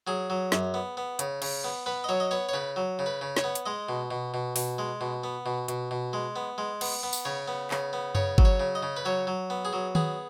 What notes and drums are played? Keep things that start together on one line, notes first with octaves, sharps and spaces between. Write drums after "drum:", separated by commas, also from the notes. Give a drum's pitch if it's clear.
F#3 G#4
F#3
F#2, drum: snare
B3
B3
C#3, drum: hi-hat
C#3, drum: cymbal
B3
B3 B4
D#5
F#3 C#5
D#5
B3 C#5
C#5
C#3 B4
F#3
C#3
B4
C#3
C#5, drum: snare
B3
drum: hi-hat
G#3 D#5
B2
B2
B2
B2, drum: open hi-hat
G#3
B2
B3
B2
B2, drum: hi-hat
B2
G#3
B3
G#3
B3, drum: cymbal
B3
drum: tambourine
C#3 C#5
B3
C#3, drum: clap
B3
C#3 C#5, drum: tom F#2
F#3, drum: kick G1
C#5
C#3
D#5
C#3
B4
F#3 C#5
F#3
B3
G#4
F#3
B3 G#4, drum: tom D#3